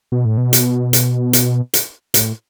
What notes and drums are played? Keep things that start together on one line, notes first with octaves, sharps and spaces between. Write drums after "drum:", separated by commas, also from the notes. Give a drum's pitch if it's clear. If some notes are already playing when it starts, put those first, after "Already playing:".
B2
A2
B2
drum: hi-hat
drum: hi-hat
drum: hi-hat
drum: hi-hat
A2, drum: hi-hat